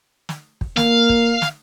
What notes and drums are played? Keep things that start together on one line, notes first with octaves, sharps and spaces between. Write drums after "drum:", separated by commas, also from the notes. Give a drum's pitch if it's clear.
drum: snare
drum: kick
A#3 F5, drum: snare
drum: kick
drum: snare